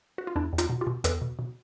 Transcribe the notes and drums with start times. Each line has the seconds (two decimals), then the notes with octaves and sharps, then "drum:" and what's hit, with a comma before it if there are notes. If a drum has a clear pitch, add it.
0.18 F#4
0.27 F4
0.36 E2 D4 E4
0.53 E2
0.58 D#4 F4, drum: hi-hat
0.70 B2
0.81 F4 G4
0.87 B2
1.04 E2 A4 B4, drum: hi-hat
1.22 B2
1.39 B2